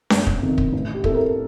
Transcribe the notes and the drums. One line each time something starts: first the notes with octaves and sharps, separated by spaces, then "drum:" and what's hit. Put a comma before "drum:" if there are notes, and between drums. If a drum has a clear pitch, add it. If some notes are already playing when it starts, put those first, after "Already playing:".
G1, drum: snare C#4
drum: kick
F2 C3 D#3
drum: kick
A1
G4
A2 A3 C4 A4, drum: kick
A#4